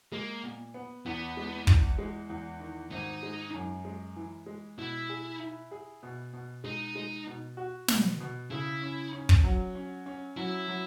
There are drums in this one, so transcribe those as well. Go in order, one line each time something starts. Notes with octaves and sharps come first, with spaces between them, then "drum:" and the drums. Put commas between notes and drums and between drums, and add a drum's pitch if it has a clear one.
G#3 A#3
A#2
B3
E2 B3
G#3
E2, drum: kick
G#3
E2
D#3
G#1 D#4
G#3
F#2
G#3
E3
G#3
B2 E4
G#4
E4
G#4
B2
B2
G#3 D#4
G#3
B2
F#4
B2, drum: snare
B2
C#3 E4
C#4
C#4
drum: kick
F#3
C#4
C#4
F#3 E4
F#3